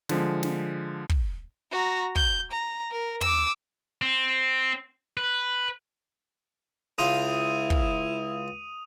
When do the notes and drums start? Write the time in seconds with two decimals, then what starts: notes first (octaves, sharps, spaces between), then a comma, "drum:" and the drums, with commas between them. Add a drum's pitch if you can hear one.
0.09 D3 F3 G#3, drum: snare
0.43 drum: snare
1.09 drum: kick
1.71 F#4 A#5
2.16 G6, drum: kick
2.51 A#5
2.91 A#4
3.21 D6 E6, drum: tom
4.02 C4
5.17 B4
6.98 C#2 E4 F4 G5 D#6 D#7 F7
7.70 drum: kick